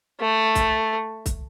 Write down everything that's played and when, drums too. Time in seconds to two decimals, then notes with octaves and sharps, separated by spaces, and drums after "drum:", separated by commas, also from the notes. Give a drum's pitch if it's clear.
0.20 A3
0.55 drum: kick C2, hi-hat
1.26 drum: kick C2, hi-hat